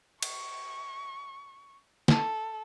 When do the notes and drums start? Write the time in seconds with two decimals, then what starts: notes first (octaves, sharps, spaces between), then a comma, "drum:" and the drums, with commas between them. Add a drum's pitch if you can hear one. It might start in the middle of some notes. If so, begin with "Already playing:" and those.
0.22 C#6, drum: cymbal
2.08 A4, drum: snare